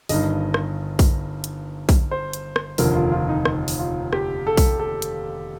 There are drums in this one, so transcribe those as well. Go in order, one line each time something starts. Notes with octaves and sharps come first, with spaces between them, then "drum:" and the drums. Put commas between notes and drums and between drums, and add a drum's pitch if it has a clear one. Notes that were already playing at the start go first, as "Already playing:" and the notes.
G1 G2 D#3 D#5, drum: open hi-hat
drum: rim click
drum: kick B1, open hi-hat
drum: hi-hat
drum: kick B1, open hi-hat
C5
drum: hi-hat
drum: rim click
F1 D#2 D3 F3 A#4, drum: open hi-hat
F4
F4
D#4
drum: rim click
drum: open hi-hat
F4
G4, drum: rim click
A4
drum: kick B1, open hi-hat
A4
drum: hi-hat